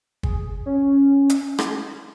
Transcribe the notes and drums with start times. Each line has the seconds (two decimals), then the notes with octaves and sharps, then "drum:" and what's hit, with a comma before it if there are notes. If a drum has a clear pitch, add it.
0.23 G#4, drum: kick
0.66 C#4
1.30 drum: hi-hat
1.59 drum: rim click